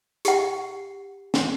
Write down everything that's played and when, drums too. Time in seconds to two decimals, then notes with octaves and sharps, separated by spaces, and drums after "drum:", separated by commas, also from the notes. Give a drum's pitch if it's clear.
0.25 G4 F#5, drum: hi-hat
1.34 drum: snare